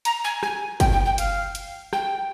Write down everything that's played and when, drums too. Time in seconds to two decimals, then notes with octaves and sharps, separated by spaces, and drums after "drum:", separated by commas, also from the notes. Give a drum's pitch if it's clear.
0.05 A#5, drum: hi-hat
0.24 G#5
0.43 G#5, drum: rim click
0.80 G5, drum: kick, hi-hat
0.92 G5
1.05 G5
1.18 F5, drum: hi-hat
1.55 drum: hi-hat
1.93 G5, drum: rim click